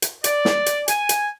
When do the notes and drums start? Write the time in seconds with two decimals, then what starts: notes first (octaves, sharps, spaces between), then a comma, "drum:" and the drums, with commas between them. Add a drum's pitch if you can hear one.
0.02 drum: hi-hat
0.24 D5, drum: hi-hat
0.45 drum: snare
0.66 drum: hi-hat
0.88 G#5, drum: hi-hat
1.09 drum: hi-hat